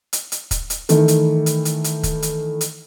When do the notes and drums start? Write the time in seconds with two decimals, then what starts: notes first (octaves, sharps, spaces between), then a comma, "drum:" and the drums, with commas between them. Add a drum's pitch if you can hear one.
0.13 drum: hi-hat
0.32 drum: hi-hat
0.51 drum: kick, hi-hat
0.70 drum: hi-hat
0.89 D#3 E3 A3, drum: hi-hat
1.08 drum: hi-hat
1.46 drum: hi-hat
1.65 drum: hi-hat
1.84 drum: hi-hat
2.03 drum: kick, hi-hat
2.22 drum: hi-hat
2.61 drum: hi-hat